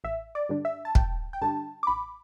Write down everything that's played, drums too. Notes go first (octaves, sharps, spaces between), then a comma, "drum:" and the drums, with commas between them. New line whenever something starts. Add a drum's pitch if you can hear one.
A1 E5
D5
G2 D3 G3 D4
E5
A5
A1 G5, drum: kick
G5
G2 D3 G3 D4 A5
D6
A1 B5